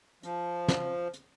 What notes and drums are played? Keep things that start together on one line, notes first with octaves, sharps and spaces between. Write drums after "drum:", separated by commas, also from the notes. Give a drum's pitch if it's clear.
F3, drum: hi-hat
drum: snare
drum: hi-hat